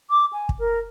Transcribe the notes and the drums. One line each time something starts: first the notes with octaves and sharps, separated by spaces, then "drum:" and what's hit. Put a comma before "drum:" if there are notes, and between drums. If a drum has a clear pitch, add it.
D6
G#5
drum: kick
A#4